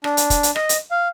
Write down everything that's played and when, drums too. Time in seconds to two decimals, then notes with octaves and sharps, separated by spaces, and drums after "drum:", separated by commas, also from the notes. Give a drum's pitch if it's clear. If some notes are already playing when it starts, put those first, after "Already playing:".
0.04 D4, drum: rim click
0.17 drum: hi-hat
0.30 drum: kick, hi-hat
0.43 drum: hi-hat
0.56 D#5, drum: rim click
0.69 drum: hi-hat
0.91 F5